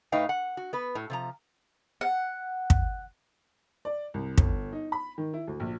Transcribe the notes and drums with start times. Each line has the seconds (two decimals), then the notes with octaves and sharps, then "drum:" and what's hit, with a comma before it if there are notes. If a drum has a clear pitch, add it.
0.12 A2 A3 D#4 B4 F5 G5
0.29 F#5
0.57 F#4
0.73 B3 B4
0.95 A2
1.10 C3 F3 A#5
2.01 F#5
2.70 drum: kick
3.85 D5
4.14 C2
4.38 G1, drum: kick
4.72 D#4
4.92 B5
5.18 D#3
5.34 E4
5.47 D2
5.60 A#1